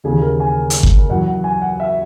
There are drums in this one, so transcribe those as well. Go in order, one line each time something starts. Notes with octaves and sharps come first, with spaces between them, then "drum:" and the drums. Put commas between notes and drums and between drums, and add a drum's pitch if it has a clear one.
D#2 C#3 E3 G#4
A#4
G#5
drum: hi-hat
drum: kick G1
F#2 E3 F#5
F#5
G#5
F#5
E5